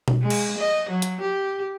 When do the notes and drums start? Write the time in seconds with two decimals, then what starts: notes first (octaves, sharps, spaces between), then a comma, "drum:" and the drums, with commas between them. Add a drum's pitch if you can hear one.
0.08 drum: tom B2
0.21 G#3
0.30 drum: cymbal
0.58 D#5
0.89 F#3
1.02 drum: hi-hat
1.20 G4